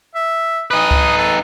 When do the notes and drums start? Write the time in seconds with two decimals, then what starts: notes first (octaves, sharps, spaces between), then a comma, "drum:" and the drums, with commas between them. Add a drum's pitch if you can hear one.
0.15 E5
0.71 D#4 B4 D#6
0.91 drum: kick C#2
1.18 A4